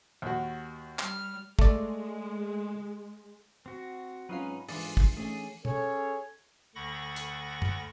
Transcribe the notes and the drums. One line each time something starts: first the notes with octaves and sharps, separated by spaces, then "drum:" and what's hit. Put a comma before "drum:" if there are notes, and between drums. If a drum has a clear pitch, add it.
D#2 F#4
G3 F6, drum: clap
G#3 A3 D5, drum: kick
C4 F#4
G#2 F#3 C4 C#4 D#4 F4 B4 F5
G#2 E3 D4 F4 G#4 D6 A6, drum: open hi-hat
drum: kick
A3 C#4 D#4 G#4
C#4 G#4 A4 C#5, drum: tom
D2 D3 F#5 B5 C#6 A#6
drum: hi-hat
drum: tom F#2